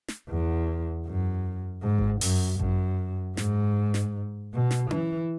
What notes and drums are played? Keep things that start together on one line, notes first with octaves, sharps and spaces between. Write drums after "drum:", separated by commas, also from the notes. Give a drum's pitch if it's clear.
drum: snare
E2
F#2
G#2
drum: kick G#1
F#2, drum: open hi-hat
F#2, drum: kick G#1
G#2, drum: snare
drum: snare
B2
drum: snare
E3, drum: tom C#4